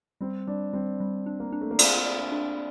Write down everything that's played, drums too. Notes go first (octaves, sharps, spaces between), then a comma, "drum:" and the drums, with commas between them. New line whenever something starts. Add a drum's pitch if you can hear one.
G3 C4
G3 D4
G3 C4
G3
D4
A#3
D4
A3
A#3
C4 D5, drum: cymbal
D5
D4
D4